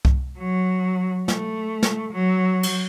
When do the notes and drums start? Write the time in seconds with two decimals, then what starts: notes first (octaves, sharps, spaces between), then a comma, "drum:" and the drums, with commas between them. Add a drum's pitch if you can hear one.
0.05 drum: kick C2
0.38 F#3
1.28 A3, drum: snare
1.83 drum: snare
2.12 F#3
2.63 drum: cymbal